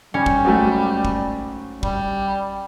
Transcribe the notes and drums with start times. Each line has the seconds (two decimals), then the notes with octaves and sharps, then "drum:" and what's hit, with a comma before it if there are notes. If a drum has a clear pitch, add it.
0.14 G3 C#4
0.26 drum: kick
0.45 G#2 F#3 A3
1.05 drum: kick
1.83 G3, drum: kick